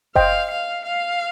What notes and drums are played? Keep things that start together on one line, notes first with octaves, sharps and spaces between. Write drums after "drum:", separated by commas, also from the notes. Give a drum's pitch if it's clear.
C5 D#5 F5 G5, drum: kick F#1
F5
F5